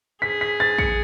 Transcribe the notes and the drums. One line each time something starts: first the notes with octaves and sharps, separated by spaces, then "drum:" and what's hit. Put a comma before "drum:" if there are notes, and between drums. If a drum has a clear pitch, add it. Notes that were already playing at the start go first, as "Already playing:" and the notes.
G#4 B6
B6
A6
C#7, drum: kick